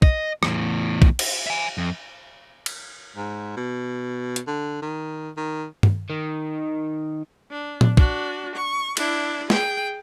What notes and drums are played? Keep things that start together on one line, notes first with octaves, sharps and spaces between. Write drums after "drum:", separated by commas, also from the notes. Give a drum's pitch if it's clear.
D#5, drum: kick
E2 A2, drum: rim click
drum: kick
drum: cymbal
E5 G#5
F2
drum: cymbal
G#2
B2
drum: hi-hat
D3
D#3
D#3
drum: tom G2
D#3
D4
drum: tom A#2
D4 F#4, drum: kick
C#6
D4 E4, drum: cymbal
G#4 G5, drum: snare